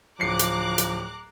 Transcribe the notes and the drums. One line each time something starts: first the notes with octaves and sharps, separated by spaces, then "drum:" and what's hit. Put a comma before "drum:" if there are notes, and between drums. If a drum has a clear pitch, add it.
D1 F3 A#5 D6 F#6 C7 C#7
drum: hi-hat
drum: hi-hat